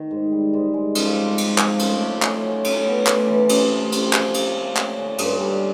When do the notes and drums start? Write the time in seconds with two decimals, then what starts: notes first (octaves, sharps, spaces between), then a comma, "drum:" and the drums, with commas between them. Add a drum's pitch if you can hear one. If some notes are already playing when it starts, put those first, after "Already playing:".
Already playing: D#3
0.11 G#2
0.32 G3
0.53 G#2
0.74 G#3
0.95 F3, drum: cymbal
1.17 C4
1.38 D#4, drum: cymbal
1.58 F3, drum: clap
1.79 A2, drum: cymbal
2.01 A3
2.22 C#4, drum: clap
2.43 F#3
2.64 A2, drum: cymbal
2.86 B3
3.07 A2, drum: clap
3.28 E3
3.49 C3, drum: cymbal
3.70 A3
3.92 C4, drum: cymbal
4.13 F3, drum: clap
4.34 A#2, drum: cymbal
4.55 A3
4.77 C#4, drum: clap
4.97 D3
5.18 G2, drum: cymbal
5.40 G3